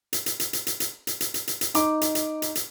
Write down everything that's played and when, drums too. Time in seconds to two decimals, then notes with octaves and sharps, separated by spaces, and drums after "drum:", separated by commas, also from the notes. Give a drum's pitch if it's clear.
0.13 drum: hi-hat
0.26 drum: hi-hat
0.40 drum: hi-hat
0.53 drum: hi-hat
0.67 drum: hi-hat
0.80 drum: hi-hat
1.07 drum: hi-hat
1.21 drum: hi-hat
1.34 drum: hi-hat
1.48 drum: hi-hat
1.61 drum: hi-hat
1.74 D#4 D6, drum: hi-hat
2.01 drum: hi-hat
2.15 drum: hi-hat
2.42 drum: hi-hat
2.55 drum: hi-hat